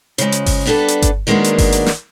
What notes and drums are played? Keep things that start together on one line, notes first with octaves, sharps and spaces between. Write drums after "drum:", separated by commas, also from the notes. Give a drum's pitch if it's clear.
C#3 F3 G#3, drum: hi-hat
drum: hi-hat
drum: kick G1, open hi-hat
G3 B3 D4 G#4 A4 B4
drum: hi-hat
drum: kick G1, hi-hat
D#3 F#3 G#3 A#3 B3 D4
drum: hi-hat
drum: kick G1, open hi-hat
drum: hi-hat
drum: snare